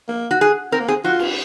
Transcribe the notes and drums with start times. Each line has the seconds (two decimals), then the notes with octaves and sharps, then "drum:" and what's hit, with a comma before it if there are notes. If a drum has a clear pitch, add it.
0.09 A#3
0.31 F#4
0.41 G#4
0.72 C4 A#4
0.80 A#3
0.88 C4 G#4
1.04 F4 F#4
1.19 drum: cymbal